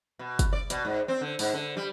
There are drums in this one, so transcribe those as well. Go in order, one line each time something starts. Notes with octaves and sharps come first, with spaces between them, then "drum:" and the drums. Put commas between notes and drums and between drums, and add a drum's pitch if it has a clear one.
B2
drum: kick, hi-hat
D5
B2, drum: hi-hat
G#2
C4
D3
G#2, drum: open hi-hat
D3
G3